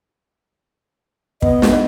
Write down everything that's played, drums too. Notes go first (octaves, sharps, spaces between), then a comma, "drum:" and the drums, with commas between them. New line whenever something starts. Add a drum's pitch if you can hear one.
B3 D#5, drum: kick
drum: snare